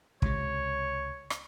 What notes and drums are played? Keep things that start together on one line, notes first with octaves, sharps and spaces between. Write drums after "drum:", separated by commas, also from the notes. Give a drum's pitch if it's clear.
C#2 C3 C#5, drum: kick
drum: rim click